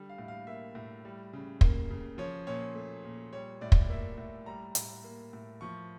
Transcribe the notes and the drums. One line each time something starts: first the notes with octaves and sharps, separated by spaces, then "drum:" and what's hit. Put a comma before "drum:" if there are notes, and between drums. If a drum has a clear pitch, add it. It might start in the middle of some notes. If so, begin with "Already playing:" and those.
Already playing: D3 G3
F5
A2
F5
A#3 E5
A2
G3
C#3
A#3, drum: kick
C#3
F3 C#5
A#2 C#5
A3
A#2
G3 C#5
A2 D5
drum: kick
A#3 E5
A2
G3 A#5
A2, drum: hi-hat
A#3
A2
F3 C#6